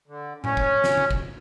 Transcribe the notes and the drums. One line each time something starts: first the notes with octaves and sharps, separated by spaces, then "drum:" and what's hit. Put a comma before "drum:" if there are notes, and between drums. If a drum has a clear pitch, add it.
D3
C#4, drum: tom A2
drum: kick
drum: snare
drum: tom C#3
drum: kick